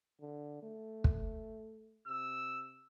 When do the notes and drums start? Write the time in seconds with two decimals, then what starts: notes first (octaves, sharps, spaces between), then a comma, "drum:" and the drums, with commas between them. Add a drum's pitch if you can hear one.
0.21 D3
0.62 A3
1.04 drum: kick
2.07 C3 E6